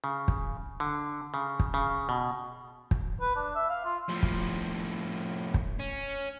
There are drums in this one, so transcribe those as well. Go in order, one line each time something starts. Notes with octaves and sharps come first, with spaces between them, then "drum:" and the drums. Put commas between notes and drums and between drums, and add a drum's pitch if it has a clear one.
C#3
drum: kick
D3
C#3
drum: kick
C#3
B2
drum: kick
B4
D4
E5
F5
F4
A2 F3
drum: kick
drum: kick
C#4